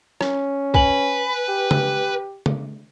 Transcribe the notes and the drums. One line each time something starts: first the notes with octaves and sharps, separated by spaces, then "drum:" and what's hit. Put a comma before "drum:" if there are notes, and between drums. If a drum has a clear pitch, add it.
C#4, drum: rim click
B4 G#5 F#7, drum: kick
G4
drum: tom C#3
drum: tom C#3